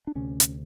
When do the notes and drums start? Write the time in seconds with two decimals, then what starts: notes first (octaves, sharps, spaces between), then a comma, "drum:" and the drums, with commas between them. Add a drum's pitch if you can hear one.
0.07 D4
0.15 D2 C3 C#4
0.40 drum: hi-hat